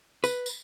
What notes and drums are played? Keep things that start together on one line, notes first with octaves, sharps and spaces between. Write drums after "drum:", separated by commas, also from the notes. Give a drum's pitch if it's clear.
B4, drum: tambourine
drum: tambourine